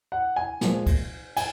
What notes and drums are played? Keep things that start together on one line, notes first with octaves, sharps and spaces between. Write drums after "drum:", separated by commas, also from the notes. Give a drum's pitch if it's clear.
F#5
G#5
A#2 F3 G#3, drum: snare
drum: kick, cymbal
G#5, drum: cymbal